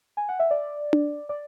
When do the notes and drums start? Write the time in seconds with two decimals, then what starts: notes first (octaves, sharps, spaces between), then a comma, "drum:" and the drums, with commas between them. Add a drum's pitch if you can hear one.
0.17 G#5
0.29 F#5
0.39 E5
0.51 D5
0.93 drum: tom D4
1.29 D5